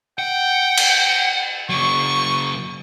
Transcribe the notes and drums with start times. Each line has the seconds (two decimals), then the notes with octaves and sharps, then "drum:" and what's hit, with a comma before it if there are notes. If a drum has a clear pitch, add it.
0.18 F#5 G5
0.77 drum: cymbal
1.69 C#3 F#3 C#6